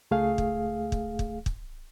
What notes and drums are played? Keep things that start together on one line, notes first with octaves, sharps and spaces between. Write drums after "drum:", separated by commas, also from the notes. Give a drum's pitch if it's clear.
C#2 A3 G#4 F5
drum: kick
drum: kick
drum: kick
drum: kick